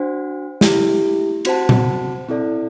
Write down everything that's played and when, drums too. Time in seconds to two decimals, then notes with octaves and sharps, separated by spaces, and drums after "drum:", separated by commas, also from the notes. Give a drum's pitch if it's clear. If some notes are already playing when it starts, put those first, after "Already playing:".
Already playing: D4 F#4 C5 F#5
0.61 A3 E4 G4, drum: snare
1.45 C4 F#4 C5 F#5 A5, drum: cymbal
1.69 drum: tom A#2
2.29 C4 E4 A4 D5